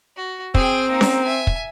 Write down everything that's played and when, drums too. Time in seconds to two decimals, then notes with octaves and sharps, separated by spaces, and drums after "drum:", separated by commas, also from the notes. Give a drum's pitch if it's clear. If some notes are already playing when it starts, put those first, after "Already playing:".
0.17 F#4
0.54 C4 G#4 G5, drum: kick
0.90 A#3 D#4
1.01 drum: snare C#4
1.23 E5 G#5
1.47 drum: kick